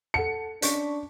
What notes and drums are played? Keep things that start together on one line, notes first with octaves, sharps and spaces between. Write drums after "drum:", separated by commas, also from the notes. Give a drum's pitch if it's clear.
A4 F#5 A5 C#7
C#4 D4 C#6 B6, drum: hi-hat